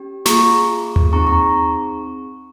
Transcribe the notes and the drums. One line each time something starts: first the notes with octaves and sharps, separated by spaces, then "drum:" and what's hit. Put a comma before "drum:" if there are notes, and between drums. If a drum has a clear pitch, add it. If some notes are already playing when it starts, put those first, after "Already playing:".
Already playing: C#4 G4
A#3 F4 G#4 A#5 C#6, drum: snare
drum: tom D#2
C4 D#4 G#4 A#5 C#6
A#5 C#6